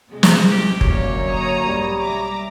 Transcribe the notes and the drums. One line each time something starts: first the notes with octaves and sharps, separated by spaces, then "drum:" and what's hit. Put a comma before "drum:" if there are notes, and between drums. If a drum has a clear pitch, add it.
C3 G#3
drum: snare
A1 G4
F#2 D3 F#3 A#3 C#5, drum: kick F#1
A#5 D#6
B1 G#2 G3
E5 A#5 D6